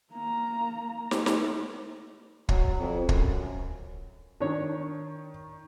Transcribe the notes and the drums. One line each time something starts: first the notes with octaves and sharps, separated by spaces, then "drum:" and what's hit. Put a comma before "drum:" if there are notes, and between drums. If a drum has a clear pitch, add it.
A#3 A#5
drum: snare
drum: snare
F#3, drum: kick
F2
F#2, drum: kick
D#3 D4 C#5